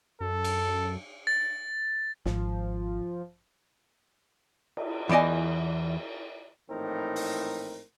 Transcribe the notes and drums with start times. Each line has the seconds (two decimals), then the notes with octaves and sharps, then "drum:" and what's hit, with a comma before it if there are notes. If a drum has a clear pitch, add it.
0.20 F#2 A4
0.44 drum: cymbal
1.27 A6
2.26 G#1 F3, drum: snare
4.77 drum: cymbal
5.09 E2 E3 D5 D#5 G#5
6.69 A#1 A2 E3 C4 D#4 A#4
7.16 drum: open hi-hat